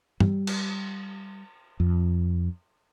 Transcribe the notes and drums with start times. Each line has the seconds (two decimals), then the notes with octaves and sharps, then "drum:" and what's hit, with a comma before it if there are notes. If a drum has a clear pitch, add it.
0.20 G3, drum: tom
0.47 drum: cymbal
1.80 F2